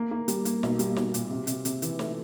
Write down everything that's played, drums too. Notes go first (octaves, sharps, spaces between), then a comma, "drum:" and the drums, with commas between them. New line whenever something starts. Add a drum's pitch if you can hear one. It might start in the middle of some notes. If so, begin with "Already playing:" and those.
Already playing: A#3
A#3
G3, drum: hi-hat
A#3, drum: hi-hat
B1, drum: snare
G3, drum: hi-hat
B1, drum: snare
A#2, drum: hi-hat
C3
C3, drum: hi-hat
C3, drum: hi-hat
E3, drum: hi-hat
A3, drum: snare